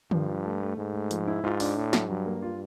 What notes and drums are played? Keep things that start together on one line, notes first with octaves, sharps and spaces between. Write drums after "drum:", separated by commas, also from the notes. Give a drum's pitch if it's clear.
G2 F3, drum: tom D3
F3
A3
A3
G#2 A3
A3
F3, drum: hi-hat
E4
G#2 F4
D4, drum: open hi-hat
A2 D4
F#3, drum: snare
G2 F#3
A#3
F4